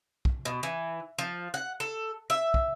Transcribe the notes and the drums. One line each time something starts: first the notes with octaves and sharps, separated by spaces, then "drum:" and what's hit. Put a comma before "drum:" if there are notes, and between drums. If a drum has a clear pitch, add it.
drum: kick
B2
E3
F3
F#5
A4
E5
drum: kick